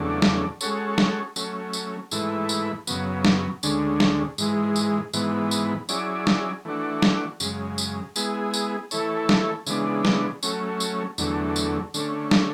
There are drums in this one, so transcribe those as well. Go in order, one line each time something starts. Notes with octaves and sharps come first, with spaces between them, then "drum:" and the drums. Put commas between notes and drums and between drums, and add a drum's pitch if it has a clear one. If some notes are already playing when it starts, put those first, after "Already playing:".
Already playing: E2 C#3 F#3 A3 D4
drum: snare
G#3 C#4 F#4 A4 C#5, drum: tambourine
drum: snare
F#3 A3 C#4, drum: tambourine
drum: tambourine
G#2 E3 A3 E4 B4, drum: tambourine
drum: tambourine
F#2 C#3 F#3 B3, drum: tambourine
drum: snare
D2 D3 G#3 C#4, drum: tambourine
drum: snare
G#2 E3 G#3, drum: tambourine
drum: tambourine
G#2 E3 B3, drum: tambourine
drum: tambourine
F#3 C#4 E4 G#4 D5, drum: tambourine
drum: snare
E3 A3 D4 F#4
drum: snare
F#2 C#3 G#3, drum: tambourine
drum: tambourine
G#3 B3 E4 G#4, drum: tambourine
drum: tambourine
E3 A3 E4 A4 C#5, drum: tambourine
drum: snare
C#3 E3 G#3 B3 D4, drum: tambourine
drum: snare
F#3 A3 C#4, drum: tambourine
drum: tambourine
E2 D3 F#3 A3, drum: tambourine
drum: tambourine
D3 A3 C#4, drum: tambourine
drum: snare